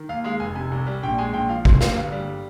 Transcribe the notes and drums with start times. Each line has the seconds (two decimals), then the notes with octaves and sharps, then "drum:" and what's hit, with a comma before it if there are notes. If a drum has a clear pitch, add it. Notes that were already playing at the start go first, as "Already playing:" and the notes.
Already playing: D#3
0.09 D#2 F5
0.24 G#3 F5
0.40 F1 G#5
0.55 C3 G#5
0.72 C2
0.87 G3
1.03 A#1 G5
1.18 G#3 G#5
1.33 A#1 G5
1.49 F3 F5
1.65 A#1 C6, drum: kick
1.81 G3 F5, drum: snare
1.96 G1 F5
2.12 G3